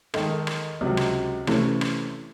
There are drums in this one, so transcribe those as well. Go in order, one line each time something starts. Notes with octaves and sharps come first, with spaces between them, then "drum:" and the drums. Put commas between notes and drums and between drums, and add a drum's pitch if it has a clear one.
D#3 G#3 D#4 A4, drum: rim click
drum: rim click
C#2 C3 F#3
drum: rim click
C3 E3 A3 C#4, drum: rim click
drum: rim click